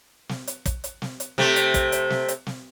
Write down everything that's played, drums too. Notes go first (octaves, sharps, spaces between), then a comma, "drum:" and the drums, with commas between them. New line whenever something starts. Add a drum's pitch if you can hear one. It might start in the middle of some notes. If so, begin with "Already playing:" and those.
drum: snare
drum: hi-hat
drum: kick, hi-hat
drum: hi-hat
drum: snare
drum: hi-hat
C3 A3, drum: snare
drum: hi-hat
drum: kick, hi-hat
drum: hi-hat
drum: snare
drum: hi-hat
drum: snare